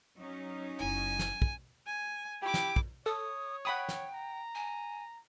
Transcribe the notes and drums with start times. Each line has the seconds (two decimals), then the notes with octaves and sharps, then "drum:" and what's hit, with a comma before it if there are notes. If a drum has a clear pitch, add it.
0.18 F#3 C#4 D#4
0.79 F#1 E4 G#5
1.19 drum: snare
1.42 drum: kick
1.87 G#5
2.42 E4 G4 D6
2.54 drum: snare
2.76 drum: kick
3.06 A4 C#5 D#6
3.65 F#5 G5 B5 D#6
3.89 drum: snare
4.14 A#5
4.55 G#5